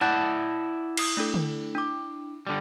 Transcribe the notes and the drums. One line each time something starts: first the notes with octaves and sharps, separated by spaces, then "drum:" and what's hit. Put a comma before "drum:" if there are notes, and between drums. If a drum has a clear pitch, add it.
E4 D5 F#5 A5 F#6 G6
D#6 C7, drum: cymbal
A3 D4 A4
drum: tom D3
D4 D6
D3 G3